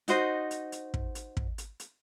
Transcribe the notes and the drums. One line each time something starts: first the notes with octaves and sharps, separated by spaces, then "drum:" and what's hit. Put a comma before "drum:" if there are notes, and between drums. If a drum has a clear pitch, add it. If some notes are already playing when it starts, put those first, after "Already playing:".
D#4 F#4 C5 D#5, drum: hi-hat
drum: hi-hat
drum: hi-hat
drum: kick
drum: hi-hat
drum: kick
drum: hi-hat
drum: hi-hat